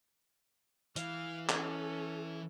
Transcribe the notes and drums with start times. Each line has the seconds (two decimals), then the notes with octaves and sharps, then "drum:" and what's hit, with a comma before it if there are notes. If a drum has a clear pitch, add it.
0.96 E3 F5, drum: hi-hat
1.49 C#4 A4, drum: clap